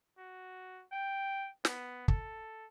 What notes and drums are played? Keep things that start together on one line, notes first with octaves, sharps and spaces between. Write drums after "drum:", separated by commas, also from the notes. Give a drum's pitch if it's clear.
F#4
G5
B3, drum: snare
A4, drum: kick